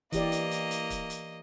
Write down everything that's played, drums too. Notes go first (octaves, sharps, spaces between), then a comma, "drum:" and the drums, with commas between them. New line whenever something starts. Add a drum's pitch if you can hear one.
E3 A#3 G4 D5 D#5, drum: kick, hi-hat
drum: hi-hat
drum: hi-hat
drum: hi-hat
drum: kick, hi-hat
drum: hi-hat